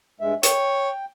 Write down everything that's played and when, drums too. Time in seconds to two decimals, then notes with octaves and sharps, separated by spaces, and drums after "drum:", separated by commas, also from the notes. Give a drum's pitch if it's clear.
0.21 G2 G#3 E5
0.43 C#5 G5, drum: hi-hat